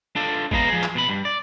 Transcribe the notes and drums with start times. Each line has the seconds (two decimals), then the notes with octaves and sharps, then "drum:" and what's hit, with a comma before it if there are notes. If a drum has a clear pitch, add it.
0.16 D4 F4 A4
0.51 G#3 B3 F5 A#5, drum: kick G#1
0.69 F3 G#4
0.83 drum: clap
0.95 B2 B5
1.09 G2
1.25 D5